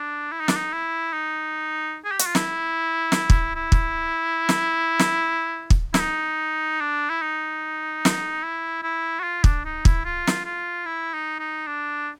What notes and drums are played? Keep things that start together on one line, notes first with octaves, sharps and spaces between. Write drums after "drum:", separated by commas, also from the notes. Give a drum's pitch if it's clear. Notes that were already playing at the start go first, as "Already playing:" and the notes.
Already playing: D4
E4
D#4
D4, drum: snare
D#4
E4
D#4
G#4
G4
F#4, drum: hi-hat
F4
E4, drum: snare
drum: snare
drum: kick
E4
drum: kick
drum: snare
drum: snare
drum: kick
E4, drum: snare
D#4
D4
E4
D#4
drum: snare
E4
E4
F#4
F4
D4, drum: kick
D#4
E4, drum: kick
F4
drum: snare
F4
E4
D#4
D#4
D4